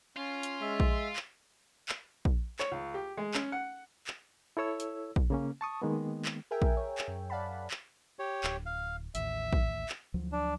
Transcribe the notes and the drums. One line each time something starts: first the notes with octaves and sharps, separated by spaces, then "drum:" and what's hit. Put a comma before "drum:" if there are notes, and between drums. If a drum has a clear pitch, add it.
C#4 F4
drum: hi-hat
G#3 E5
drum: kick A#1
drum: clap
drum: clap
drum: kick A#1
C#5, drum: clap
C#2
G4
G#3
C#4, drum: clap
F#5
drum: clap
E4 A4 C#5 E6
drum: hi-hat
drum: kick A#1
C#3 A#3 C#4
A5 C#6 D#6
D#3 G#3 A#3 B3
drum: clap
G#4 A#4 E5 G5 G#5
drum: kick A#1
C#5
drum: clap
F#2
D5 F5 F#5 A5 B5
drum: clap
G4 C#5
D1, drum: clap
F5
A1 D#2 A2 E5, drum: hi-hat
drum: kick A#1
drum: clap
D2 F3 F#3
D4